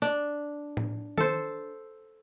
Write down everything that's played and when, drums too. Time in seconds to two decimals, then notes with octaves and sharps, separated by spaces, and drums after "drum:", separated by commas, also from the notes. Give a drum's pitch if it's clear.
0.02 D4, drum: tambourine
0.77 drum: tom A2
1.18 A4 C5, drum: tom D#3